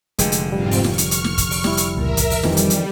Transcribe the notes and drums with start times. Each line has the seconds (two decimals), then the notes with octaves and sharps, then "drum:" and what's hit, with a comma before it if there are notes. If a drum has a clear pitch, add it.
0.19 F1 D3 G#3 G5, drum: hi-hat
0.32 drum: hi-hat
0.52 G#2 G3 C4 F4
0.71 drum: open hi-hat
0.84 C#6 F6, drum: snare
0.98 drum: hi-hat
1.11 drum: hi-hat
1.24 drum: snare
1.38 drum: kick, hi-hat
1.51 drum: open hi-hat
1.64 G3 E4, drum: snare
1.77 drum: hi-hat
1.97 C#2 A#2 A#4 E5
2.17 drum: kick, hi-hat
2.30 drum: open hi-hat
2.43 F2 D#3 E3 G3 A4, drum: snare
2.57 drum: hi-hat
2.70 drum: hi-hat